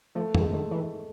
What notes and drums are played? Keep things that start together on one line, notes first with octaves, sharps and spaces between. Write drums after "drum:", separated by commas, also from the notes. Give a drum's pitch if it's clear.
F3 A3
E3, drum: tom F2
G#3
A3
D#3
E3